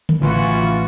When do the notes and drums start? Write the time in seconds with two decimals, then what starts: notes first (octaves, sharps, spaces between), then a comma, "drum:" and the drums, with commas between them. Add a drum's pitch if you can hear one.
0.09 drum: tom C#3
0.22 A1 E3 C#4 F4 F#4